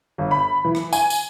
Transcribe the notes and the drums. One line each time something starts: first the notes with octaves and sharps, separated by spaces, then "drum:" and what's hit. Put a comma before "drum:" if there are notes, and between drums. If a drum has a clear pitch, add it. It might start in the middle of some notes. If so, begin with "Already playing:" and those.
G1
B5
E3
drum: rim click
G#5, drum: tambourine
drum: tambourine